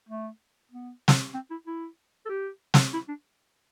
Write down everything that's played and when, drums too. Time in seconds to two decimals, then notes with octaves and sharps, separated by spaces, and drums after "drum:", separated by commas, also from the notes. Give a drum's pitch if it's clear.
0.09 A3
0.71 B3
1.08 drum: snare
1.34 C4
1.51 E4
1.67 E4
2.25 A4
2.29 G4
2.74 drum: snare
2.93 E4
3.08 D4